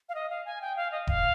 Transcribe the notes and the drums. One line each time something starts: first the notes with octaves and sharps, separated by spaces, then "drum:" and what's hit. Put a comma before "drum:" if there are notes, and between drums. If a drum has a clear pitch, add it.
F5
D#5
F5
G#5
G5
F5
D#5
F5, drum: kick E1